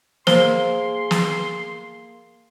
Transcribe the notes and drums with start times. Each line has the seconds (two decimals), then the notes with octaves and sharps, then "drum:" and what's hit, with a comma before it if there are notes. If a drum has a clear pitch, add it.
0.27 A#3 G#4 C5 C6, drum: snare
1.11 drum: snare